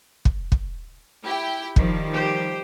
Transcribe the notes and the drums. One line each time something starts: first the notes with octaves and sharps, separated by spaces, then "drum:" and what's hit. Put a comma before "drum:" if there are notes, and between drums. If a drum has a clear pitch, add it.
drum: kick
drum: kick
E4 G4 G5
D#3 F3 G3, drum: kick
G4 C5